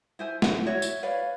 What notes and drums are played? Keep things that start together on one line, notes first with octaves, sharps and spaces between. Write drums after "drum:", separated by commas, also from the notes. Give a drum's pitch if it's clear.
E4 C5 G#5
F#5, drum: snare
E4 F#4 C#5
drum: tambourine
B4 C#5 D5 F5